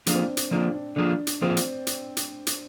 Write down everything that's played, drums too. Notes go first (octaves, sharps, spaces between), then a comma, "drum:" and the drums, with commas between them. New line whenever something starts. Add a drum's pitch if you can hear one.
D3 F3 A#3 D4 F4 G#4, drum: hi-hat
C4
D4
drum: hi-hat
D3 F3 A#3 D4 F4 G#4
D4
D3 F3 A#3 D4 F4 G#4
drum: hi-hat
D3 F3 A#3 C4 F4 G#4
drum: hi-hat
drum: hi-hat
drum: hi-hat
drum: hi-hat